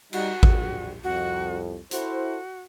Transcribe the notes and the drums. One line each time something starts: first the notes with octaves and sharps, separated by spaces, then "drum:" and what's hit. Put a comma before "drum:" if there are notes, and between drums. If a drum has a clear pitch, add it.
G3 D#4 F#4, drum: cymbal
A#1 G3, drum: kick G#1
C2 F2 F#4
E4 F#4 A4 C5, drum: hi-hat